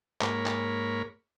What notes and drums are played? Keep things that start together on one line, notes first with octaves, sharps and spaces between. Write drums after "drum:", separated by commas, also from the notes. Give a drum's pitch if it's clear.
G#2 A#3 A#4 C#5 B5, drum: clap
drum: clap